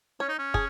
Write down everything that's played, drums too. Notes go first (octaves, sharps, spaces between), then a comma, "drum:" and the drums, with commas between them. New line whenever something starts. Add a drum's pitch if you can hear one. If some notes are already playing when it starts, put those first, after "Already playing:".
C#4 C#5
D#4
C#4
G#4, drum: kick